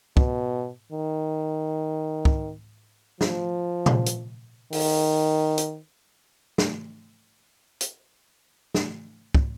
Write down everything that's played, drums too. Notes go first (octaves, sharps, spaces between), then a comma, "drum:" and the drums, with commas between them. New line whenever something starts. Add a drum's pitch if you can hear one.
B2, drum: kick
D#3
drum: kick
F3, drum: snare
drum: tom A#2
drum: hi-hat
D#3, drum: open hi-hat
drum: hi-hat
drum: snare
drum: hi-hat
drum: snare
drum: kick